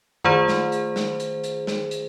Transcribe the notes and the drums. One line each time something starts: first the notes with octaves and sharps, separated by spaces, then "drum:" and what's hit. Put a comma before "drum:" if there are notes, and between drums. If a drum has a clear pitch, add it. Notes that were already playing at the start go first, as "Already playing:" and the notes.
D#3 A3 F4 G#4 C5, drum: tom F#2
drum: snare
drum: hi-hat
drum: snare
drum: hi-hat
drum: hi-hat
drum: snare
drum: hi-hat